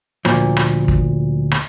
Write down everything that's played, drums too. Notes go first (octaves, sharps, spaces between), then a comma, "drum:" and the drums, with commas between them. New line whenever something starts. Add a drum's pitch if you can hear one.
D2 A#2 F3, drum: rim click
drum: rim click
drum: kick
drum: rim click